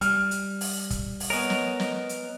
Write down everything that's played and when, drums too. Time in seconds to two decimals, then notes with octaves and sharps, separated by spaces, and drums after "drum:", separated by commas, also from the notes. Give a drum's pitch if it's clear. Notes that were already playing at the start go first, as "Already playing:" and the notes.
0.01 G3 F6, drum: hi-hat
0.31 drum: hi-hat
0.61 drum: open hi-hat
0.90 drum: kick, hi-hat
1.20 drum: open hi-hat
1.30 B3 A#4 C#5 D#5 G#5
1.50 drum: snare
1.80 drum: snare
2.09 drum: hi-hat